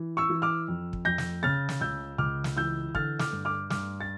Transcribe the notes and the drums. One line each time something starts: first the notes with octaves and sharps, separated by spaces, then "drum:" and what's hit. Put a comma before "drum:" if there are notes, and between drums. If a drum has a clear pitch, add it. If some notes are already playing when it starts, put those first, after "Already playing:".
Already playing: E3
C#6 E6
E3
D6 F6
F2
drum: kick
F2 G6 A#6
drum: snare
C#3 F6 A6
drum: snare
C#2 E6 G6
C#2 D6 F6
drum: snare
E3 E6 G6
D3 F6 A6, drum: kick
D6 F6, drum: snare
G2
D6 F6
G2 D6 F6, drum: snare
A6